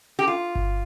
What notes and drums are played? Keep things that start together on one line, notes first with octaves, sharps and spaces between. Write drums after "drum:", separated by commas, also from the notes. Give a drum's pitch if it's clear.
G4
F4
drum: kick G1